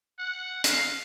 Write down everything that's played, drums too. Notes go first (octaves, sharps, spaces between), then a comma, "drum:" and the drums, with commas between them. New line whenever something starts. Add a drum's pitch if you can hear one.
F#5
F5, drum: hi-hat